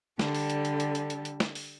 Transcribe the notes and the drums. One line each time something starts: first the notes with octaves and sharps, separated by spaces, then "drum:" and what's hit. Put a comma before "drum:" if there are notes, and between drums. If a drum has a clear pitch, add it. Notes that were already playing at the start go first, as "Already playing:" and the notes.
D3 G3 A4, drum: snare
drum: open hi-hat
drum: hi-hat
drum: hi-hat
drum: hi-hat
drum: hi-hat
drum: hi-hat
drum: hi-hat
drum: snare
drum: open hi-hat